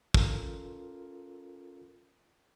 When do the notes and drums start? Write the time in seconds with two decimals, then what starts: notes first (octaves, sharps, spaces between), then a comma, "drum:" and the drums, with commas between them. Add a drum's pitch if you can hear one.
0.14 C#4 F4 A4 A#4, drum: kick